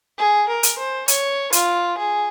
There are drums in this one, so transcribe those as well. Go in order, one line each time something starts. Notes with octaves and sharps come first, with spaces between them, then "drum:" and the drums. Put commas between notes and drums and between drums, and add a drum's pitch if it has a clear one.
G#4
A#4
drum: hi-hat
C5
C#5, drum: hi-hat
F4, drum: hi-hat
G#4